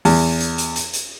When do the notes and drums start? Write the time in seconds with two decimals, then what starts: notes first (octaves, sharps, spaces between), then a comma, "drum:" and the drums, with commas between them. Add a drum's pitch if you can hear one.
0.05 E2, drum: open hi-hat
0.40 drum: hi-hat
0.58 drum: hi-hat
0.76 drum: hi-hat
0.93 drum: hi-hat